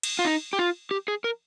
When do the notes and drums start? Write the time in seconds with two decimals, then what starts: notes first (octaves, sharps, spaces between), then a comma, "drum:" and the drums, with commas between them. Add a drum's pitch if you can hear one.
0.03 drum: cymbal
0.19 F4
0.25 D#4
0.53 G4
0.59 F4
0.91 G4
1.08 G#4
1.24 A#4